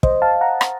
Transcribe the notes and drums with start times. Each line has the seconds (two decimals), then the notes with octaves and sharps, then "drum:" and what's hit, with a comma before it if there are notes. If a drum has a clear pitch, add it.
0.03 C5 D#5, drum: kick
0.22 F5 A5
0.41 F#5 A#5
0.61 drum: rim click